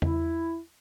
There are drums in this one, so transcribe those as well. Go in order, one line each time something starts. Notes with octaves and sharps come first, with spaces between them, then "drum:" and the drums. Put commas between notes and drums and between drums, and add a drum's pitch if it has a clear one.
E4, drum: tom E2